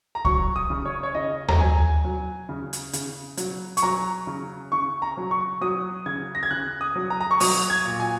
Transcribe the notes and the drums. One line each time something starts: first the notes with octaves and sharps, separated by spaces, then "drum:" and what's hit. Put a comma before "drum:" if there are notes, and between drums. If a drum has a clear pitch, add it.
A#5
F#3 C#6, drum: kick C2
D#6
C#3
C#5
C#5
C#3 D#5
A#5, drum: tom D#2
F#3 G#5
F#3
C#3
drum: hi-hat
C#3, drum: hi-hat
F#3, drum: hi-hat
C#6, drum: hi-hat
F#3 A#5
C#3
C#3 C#6
A#5
F#3
C#6
F#3 D#6
C#3 G#6
A#6
G#6
C#3 F#6
D#6
F#3
A#5
A#5
C#6
F#3 D#6, drum: open hi-hat
G#6
A#2
G#5